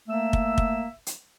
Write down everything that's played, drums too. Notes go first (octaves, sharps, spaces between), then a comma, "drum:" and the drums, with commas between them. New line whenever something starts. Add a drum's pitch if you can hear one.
A3 A#3 E5 E6
drum: kick
drum: kick
drum: hi-hat